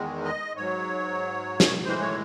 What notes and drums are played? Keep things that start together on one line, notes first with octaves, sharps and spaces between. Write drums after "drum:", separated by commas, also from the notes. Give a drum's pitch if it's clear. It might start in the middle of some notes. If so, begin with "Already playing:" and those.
Already playing: E2 D#3 G#3
D#5
G#2 F#3 C#5
drum: snare
A2 E3 G#3 C5
C#5